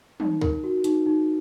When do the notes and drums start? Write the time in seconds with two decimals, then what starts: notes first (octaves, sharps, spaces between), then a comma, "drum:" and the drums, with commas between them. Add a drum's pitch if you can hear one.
0.20 D#4, drum: tom
0.41 A#4, drum: kick
0.64 F#4
0.84 D#4, drum: hi-hat
1.06 D#4